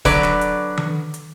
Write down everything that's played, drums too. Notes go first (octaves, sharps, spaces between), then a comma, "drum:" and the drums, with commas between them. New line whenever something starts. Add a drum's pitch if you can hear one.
D3 F#3 B4 D5, drum: kick, open hi-hat
drum: snare
drum: hi-hat
drum: tom D#3
drum: hi-hat